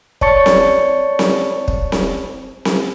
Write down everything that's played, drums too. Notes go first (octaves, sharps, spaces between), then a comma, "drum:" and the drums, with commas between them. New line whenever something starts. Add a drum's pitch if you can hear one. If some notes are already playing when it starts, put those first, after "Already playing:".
C#5 D5 A5 C#6 A6 C#7, drum: kick
drum: snare C4
drum: snare C4
drum: kick
drum: snare C4
drum: snare C4